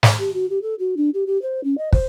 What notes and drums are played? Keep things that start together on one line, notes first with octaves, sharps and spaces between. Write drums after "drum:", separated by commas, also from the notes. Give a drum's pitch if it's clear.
drum: snare
G4
F#4
G4
A4
F#4
D4
G4
G4
C5
C#4
D#5
C5, drum: kick